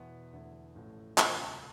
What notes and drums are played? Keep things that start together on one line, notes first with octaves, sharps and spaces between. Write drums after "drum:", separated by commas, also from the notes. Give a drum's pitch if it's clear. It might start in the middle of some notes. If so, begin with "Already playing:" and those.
Already playing: E2 B2 B3 E4
E1 E2 D3 A3 E4
A1 A2 F3 A3
E1 D2 C3 G3 C4, drum: clap